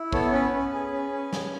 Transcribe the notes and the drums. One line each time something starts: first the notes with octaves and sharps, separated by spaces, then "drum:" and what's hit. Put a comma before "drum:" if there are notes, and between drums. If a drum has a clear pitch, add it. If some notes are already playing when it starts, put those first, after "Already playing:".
Already playing: E4
B3 A4 C#5, drum: kick
C#4 B4
C#4
G#4
C#4
C#4
G#4, drum: snare